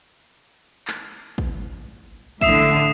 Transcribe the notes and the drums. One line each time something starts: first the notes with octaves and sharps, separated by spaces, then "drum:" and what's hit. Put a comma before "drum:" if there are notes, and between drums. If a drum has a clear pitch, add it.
drum: clap
drum: kick
A2 D3 E5 D#6 C7 E7, drum: kick